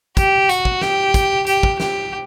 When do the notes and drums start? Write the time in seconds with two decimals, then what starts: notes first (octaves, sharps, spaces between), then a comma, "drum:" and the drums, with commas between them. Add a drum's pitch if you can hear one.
0.17 G4, drum: kick, hi-hat
0.49 F#4, drum: hi-hat
0.65 drum: kick
0.81 G4, drum: snare
1.14 drum: kick, hi-hat
1.46 G4, drum: hi-hat
1.63 drum: kick
1.80 G4, drum: snare